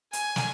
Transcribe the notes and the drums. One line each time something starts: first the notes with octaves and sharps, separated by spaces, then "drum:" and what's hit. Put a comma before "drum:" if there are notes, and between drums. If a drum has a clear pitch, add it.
G#5, drum: hi-hat
drum: snare